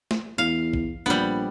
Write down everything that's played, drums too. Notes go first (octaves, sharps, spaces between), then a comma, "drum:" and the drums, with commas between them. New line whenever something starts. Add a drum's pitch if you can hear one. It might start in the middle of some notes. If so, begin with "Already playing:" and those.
drum: snare
E2 F5
drum: kick
A#1 G3 B3